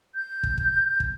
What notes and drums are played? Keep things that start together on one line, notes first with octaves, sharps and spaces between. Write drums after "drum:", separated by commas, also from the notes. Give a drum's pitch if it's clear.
G6
drum: kick
drum: kick
drum: kick